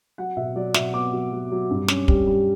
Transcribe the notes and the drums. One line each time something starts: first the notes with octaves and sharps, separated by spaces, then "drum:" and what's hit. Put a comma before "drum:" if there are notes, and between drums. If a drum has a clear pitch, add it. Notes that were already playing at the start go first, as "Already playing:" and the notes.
F#3 F#5
B2 E5
F#3 D5
B2 E5, drum: snare
B3 D6
F#3
F#3
F#3
G2
C#4, drum: snare
G3, drum: kick
G3